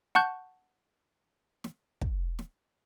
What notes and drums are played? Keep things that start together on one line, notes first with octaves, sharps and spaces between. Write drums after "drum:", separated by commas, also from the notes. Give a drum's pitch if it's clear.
F#5 A5 C#6 F#6 G6, drum: snare
drum: snare
drum: kick
drum: snare